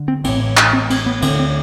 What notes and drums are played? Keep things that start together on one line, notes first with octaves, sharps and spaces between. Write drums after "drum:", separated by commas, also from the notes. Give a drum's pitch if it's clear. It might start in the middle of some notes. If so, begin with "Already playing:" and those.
Already playing: D3
C4
A1 A2 C4, drum: cymbal
drum: clap
C4
C4, drum: cymbal
B3
D2 D3 C4, drum: cymbal
C4